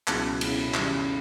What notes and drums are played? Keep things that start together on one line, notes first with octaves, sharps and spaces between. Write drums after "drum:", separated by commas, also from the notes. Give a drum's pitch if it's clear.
C#2 B2 F#3 B3 E4, drum: clap
C#2 B2 F#3 B3 E4, drum: cymbal
F#2 D#3 G3, drum: clap